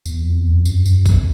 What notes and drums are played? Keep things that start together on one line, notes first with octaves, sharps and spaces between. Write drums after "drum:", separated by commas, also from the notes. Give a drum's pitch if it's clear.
E2, drum: tambourine
F2
E2
F2
F#2, drum: tambourine
F#2, drum: tambourine
F2, drum: kick A1, tambourine